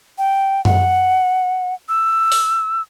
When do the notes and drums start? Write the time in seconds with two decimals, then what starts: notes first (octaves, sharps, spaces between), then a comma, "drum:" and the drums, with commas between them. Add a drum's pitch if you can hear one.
0.18 G5
0.65 F#5, drum: tom F#2
1.89 E6
2.32 drum: open hi-hat